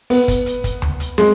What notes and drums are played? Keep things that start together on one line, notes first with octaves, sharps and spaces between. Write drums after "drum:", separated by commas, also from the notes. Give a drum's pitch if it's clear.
B3, drum: open hi-hat
drum: kick, hi-hat
drum: hi-hat
drum: kick, hi-hat
drum: tom D2
drum: hi-hat
G#3, drum: snare